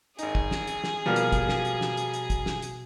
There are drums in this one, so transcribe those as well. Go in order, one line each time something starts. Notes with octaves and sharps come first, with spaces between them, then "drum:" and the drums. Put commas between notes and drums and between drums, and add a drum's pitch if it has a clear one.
G#1 D#4 G#4, drum: hi-hat
drum: kick
drum: snare
drum: hi-hat
drum: snare
B2 F3 G3 A#3 F5 F6
drum: hi-hat
drum: kick, hi-hat
drum: snare
drum: hi-hat
drum: snare
drum: hi-hat
drum: hi-hat
drum: kick, hi-hat
drum: snare
drum: hi-hat